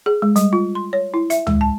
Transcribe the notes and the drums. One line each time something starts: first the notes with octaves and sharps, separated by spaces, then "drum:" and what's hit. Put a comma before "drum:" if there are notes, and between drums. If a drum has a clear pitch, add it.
G#4
G#3
G3, drum: hi-hat
F4
C6
C#5
E4
E5, drum: hi-hat
G#3, drum: tom
A5